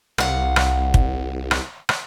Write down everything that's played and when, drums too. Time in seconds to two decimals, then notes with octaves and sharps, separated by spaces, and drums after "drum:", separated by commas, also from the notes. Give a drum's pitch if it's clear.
0.18 C2 F5 F#5, drum: rim click
0.56 drum: rim click
0.94 drum: kick
1.51 drum: rim click
1.89 drum: rim click